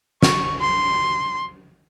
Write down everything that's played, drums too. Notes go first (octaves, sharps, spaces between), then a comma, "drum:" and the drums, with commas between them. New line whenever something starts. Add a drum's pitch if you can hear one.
C#6, drum: snare
C6